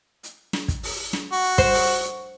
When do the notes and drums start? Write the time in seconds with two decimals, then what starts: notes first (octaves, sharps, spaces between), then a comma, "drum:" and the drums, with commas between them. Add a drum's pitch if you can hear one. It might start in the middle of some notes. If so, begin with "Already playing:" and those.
0.23 drum: hi-hat
0.53 drum: snare
0.68 drum: kick, hi-hat
0.83 drum: open hi-hat
1.13 drum: snare
1.32 F#4
1.43 drum: hi-hat
1.58 C5, drum: kick, hi-hat
1.73 drum: open hi-hat
2.03 drum: hi-hat